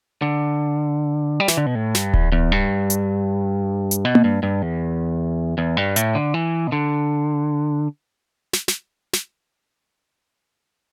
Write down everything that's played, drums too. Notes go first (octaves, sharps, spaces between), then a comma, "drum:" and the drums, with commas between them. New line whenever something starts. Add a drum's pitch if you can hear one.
D3
G3
E3, drum: snare
D3
B2
A2
G2, drum: snare
E2, drum: kick D1
E2
G2
drum: hi-hat
drum: hi-hat
B2
drum: tom A#3
G2
G2
E2
E2
G2
A2, drum: hi-hat
D3
E3
B2
D3
drum: snare
drum: snare
drum: snare